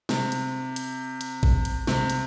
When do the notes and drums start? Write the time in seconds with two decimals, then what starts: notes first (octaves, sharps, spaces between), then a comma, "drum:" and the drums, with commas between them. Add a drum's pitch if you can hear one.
0.09 C3, drum: snare
0.32 drum: hi-hat
0.76 drum: hi-hat
1.21 drum: hi-hat
1.43 drum: kick A1
1.65 drum: hi-hat
1.87 C3, drum: snare
2.10 drum: hi-hat